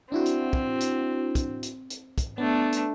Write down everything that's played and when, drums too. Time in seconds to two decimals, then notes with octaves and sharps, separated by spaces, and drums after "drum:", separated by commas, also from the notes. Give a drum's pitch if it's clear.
0.12 C4 D4 E4 F#4
0.26 drum: hi-hat
0.53 drum: kick
0.80 drum: hi-hat
1.35 drum: kick, hi-hat
1.63 drum: hi-hat
1.90 drum: hi-hat
2.18 drum: kick, hi-hat
2.38 A3 B3 D4
2.72 drum: hi-hat